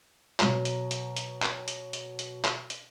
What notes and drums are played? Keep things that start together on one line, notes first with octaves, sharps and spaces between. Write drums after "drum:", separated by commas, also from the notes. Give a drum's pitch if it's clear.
B2 F#3 F#4 A#5, drum: clap
drum: hi-hat
drum: hi-hat
drum: hi-hat
drum: clap
drum: hi-hat
drum: hi-hat
drum: hi-hat
drum: clap
drum: hi-hat